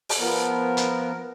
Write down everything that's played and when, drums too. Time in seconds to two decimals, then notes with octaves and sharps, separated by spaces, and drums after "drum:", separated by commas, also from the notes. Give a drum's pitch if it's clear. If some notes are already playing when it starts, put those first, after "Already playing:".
0.09 drum: open hi-hat
0.19 F3 B3 A#4
0.77 drum: hi-hat